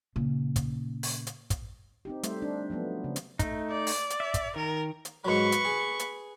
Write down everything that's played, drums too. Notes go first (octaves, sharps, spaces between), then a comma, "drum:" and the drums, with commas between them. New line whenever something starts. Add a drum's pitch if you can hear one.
A#2 C#3
drum: kick, hi-hat
drum: open hi-hat
drum: hi-hat
drum: kick, hi-hat
C4 D#4 G4
G3 A3 C5 E5, drum: hi-hat
D4
F3 F#3 A3 B3
C#3
drum: hi-hat
A3 D#4, drum: kick, hi-hat
D5
drum: open hi-hat
drum: hi-hat
E5
drum: kick, hi-hat
D#3 A#4
drum: hi-hat
G#2 F#3 B4 C#6
drum: hi-hat
G#4
drum: hi-hat